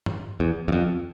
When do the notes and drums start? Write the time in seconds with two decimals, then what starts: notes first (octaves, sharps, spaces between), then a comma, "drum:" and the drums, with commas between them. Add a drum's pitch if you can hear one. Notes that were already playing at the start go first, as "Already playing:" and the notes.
0.06 drum: tom G2
0.40 E2
0.68 E2
0.72 F2